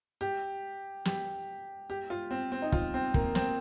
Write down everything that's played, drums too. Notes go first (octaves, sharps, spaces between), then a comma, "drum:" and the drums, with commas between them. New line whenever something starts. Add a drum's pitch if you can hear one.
G4
G4, drum: snare
G4
F4
C4
C4
D#4
F4, drum: kick
C4
A#3, drum: kick
C4, drum: snare